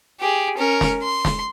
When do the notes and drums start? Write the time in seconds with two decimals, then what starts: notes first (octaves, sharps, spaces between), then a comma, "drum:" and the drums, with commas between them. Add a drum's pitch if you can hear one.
0.20 G4 G#4
0.58 C#4 A#4
0.81 drum: snare
1.03 C6
1.25 drum: snare